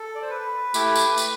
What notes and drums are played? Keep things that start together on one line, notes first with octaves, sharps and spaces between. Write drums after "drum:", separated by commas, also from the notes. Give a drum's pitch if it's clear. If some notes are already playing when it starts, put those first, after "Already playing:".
Already playing: A4
D5
C5
B4
A3 E4 G4, drum: tambourine
drum: tambourine
drum: tambourine